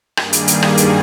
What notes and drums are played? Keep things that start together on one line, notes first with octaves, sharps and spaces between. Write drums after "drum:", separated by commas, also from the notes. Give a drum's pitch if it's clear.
G2 D#3 G3 A#3 G#4, drum: rim click
drum: hi-hat
drum: hi-hat
drum: rim click
drum: hi-hat